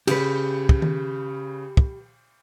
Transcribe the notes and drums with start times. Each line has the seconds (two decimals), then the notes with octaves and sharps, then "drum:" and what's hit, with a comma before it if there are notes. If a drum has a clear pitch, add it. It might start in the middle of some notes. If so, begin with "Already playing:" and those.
0.07 C#3 G4 B4, drum: cymbal
0.69 drum: kick
0.82 drum: tom D#3
1.77 drum: kick